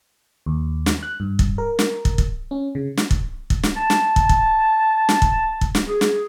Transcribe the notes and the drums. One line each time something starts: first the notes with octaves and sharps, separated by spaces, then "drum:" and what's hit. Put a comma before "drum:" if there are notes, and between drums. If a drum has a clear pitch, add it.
D#2
drum: snare
F#6
G2
drum: kick
A#4
drum: snare
drum: kick
drum: kick
C#4
C#3
drum: snare
drum: kick
drum: kick
drum: snare
A5
drum: snare
drum: kick
drum: kick
drum: snare
drum: kick
drum: kick
drum: snare
G#4
drum: snare